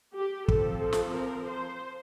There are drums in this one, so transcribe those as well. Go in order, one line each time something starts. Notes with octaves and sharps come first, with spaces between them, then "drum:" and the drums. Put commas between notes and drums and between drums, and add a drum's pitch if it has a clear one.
G4
F3 C4 A4, drum: kick
drum: snare
A#4
C5